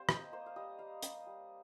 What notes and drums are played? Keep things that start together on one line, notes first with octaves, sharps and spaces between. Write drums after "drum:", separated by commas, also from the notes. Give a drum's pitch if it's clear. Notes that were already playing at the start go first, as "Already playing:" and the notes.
Already playing: G3 C4 C5 F5
A#3 D#5, drum: rim click
A#3 C5
F5
G3 D#5
G3 F5
G3, drum: hi-hat
G3